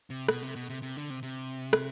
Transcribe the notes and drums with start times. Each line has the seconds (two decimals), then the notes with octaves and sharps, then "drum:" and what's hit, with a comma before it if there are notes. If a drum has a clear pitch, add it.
0.10 C3
0.28 B2, drum: rim click
0.43 C3
0.56 B2
0.70 C3
0.82 C3
0.97 D3
1.10 C3
1.23 C3
1.73 drum: rim click